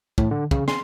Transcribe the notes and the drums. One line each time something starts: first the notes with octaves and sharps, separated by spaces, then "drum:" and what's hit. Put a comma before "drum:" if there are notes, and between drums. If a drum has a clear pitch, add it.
A2, drum: kick
D3
C#3, drum: kick
C6, drum: snare